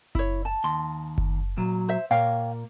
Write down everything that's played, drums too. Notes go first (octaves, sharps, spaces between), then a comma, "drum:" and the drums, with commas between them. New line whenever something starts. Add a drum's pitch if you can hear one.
E4 C#5, drum: kick F#1
A5
D#2 C6
drum: kick F#1
A#2 F#3
C5 E5
A#2 A#3 C#5 F5 G5